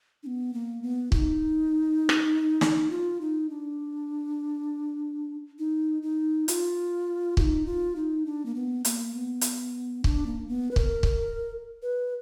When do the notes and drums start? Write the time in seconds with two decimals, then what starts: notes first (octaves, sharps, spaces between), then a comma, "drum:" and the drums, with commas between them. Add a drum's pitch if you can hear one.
0.23 D4
0.27 B3
0.54 A#3
0.82 B3
1.12 F4, drum: kick
1.15 D#4
2.09 drum: rim click
2.61 drum: snare
2.91 F4
3.21 D#4
3.50 D4
5.59 D#4
6.03 D#4
6.48 F4, drum: hi-hat
7.37 F4, drum: kick
7.41 D#4
7.66 F4
7.96 D#4
8.26 D4
8.46 A#3
8.55 B3
8.85 A#3, drum: hi-hat
9.15 B3
9.41 drum: hi-hat
10.04 D4, drum: kick
10.26 A#3
10.48 B3
10.71 B4
10.76 A#4, drum: kick
11.03 drum: kick
11.82 B4